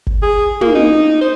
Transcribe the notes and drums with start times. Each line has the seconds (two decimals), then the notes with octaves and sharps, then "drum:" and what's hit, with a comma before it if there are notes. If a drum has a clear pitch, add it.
0.07 drum: kick G1
0.22 G#4
0.61 A#3, drum: tom
0.75 D#4
1.21 C5